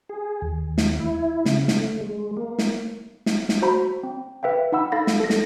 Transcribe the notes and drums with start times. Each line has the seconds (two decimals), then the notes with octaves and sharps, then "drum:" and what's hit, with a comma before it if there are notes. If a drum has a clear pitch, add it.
0.09 G#4
0.42 D#2
0.78 drum: snare
1.00 E4
1.45 C#3, drum: snare
1.68 drum: snare
1.77 A3
2.01 G#3
2.37 A#3
2.59 drum: snare
3.26 drum: snare
3.49 drum: snare
3.62 F#4 C5 A#5 B5
4.03 C4
4.43 B4 E5 F5 G5
4.72 D#4 F#5 B5 E6
4.92 D#4 A4 F5 B5 A6 A#6
5.07 drum: snare
5.20 A4 A#6
5.30 drum: snare